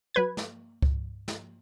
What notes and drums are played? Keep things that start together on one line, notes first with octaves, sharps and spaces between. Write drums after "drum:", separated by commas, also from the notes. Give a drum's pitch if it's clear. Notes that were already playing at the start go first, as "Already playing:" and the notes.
F#3 B4 G#6
drum: snare
drum: kick C#2
drum: snare